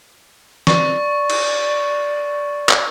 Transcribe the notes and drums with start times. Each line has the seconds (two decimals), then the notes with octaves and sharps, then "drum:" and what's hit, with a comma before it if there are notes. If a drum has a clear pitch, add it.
0.67 D5 C#6, drum: snare
1.30 drum: cymbal
2.69 drum: clap